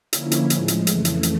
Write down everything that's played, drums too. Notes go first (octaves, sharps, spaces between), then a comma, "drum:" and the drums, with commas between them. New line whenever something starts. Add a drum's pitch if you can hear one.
D3 F3 A#3 C#4 E4, drum: hi-hat
drum: hi-hat
A2 F3 G#3, drum: hi-hat
drum: hi-hat
F2 C#3 E3 A3, drum: hi-hat
drum: hi-hat
drum: hi-hat